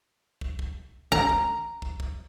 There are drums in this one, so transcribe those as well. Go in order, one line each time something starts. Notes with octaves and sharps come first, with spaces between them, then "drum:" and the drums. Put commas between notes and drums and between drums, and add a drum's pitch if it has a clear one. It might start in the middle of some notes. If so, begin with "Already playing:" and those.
drum: kick
drum: kick
A#5, drum: kick
drum: kick
drum: kick
drum: kick